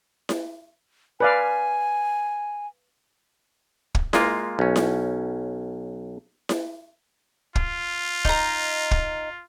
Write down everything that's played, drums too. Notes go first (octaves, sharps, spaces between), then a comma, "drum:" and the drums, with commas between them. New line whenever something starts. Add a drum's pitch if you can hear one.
drum: snare E4
B4 D5 F5 G#5
drum: kick
G#3 A#3 F4, drum: snare E4
B1 C#4
drum: snare E4
drum: snare E4
F4, drum: kick
D#4 A#5, drum: kick
drum: kick